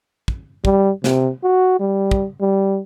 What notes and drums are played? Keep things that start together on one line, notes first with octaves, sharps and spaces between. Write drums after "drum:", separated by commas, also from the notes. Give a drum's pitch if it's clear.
drum: kick
G3, drum: kick
C3, drum: snare
F#4
G3
drum: kick
G3